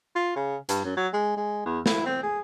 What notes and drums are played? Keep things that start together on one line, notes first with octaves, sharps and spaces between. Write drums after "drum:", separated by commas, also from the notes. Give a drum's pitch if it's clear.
F4
C#3
G2, drum: hi-hat
F#2
F#3
G#3
G#3
E2
E4, drum: snare
C4
G#4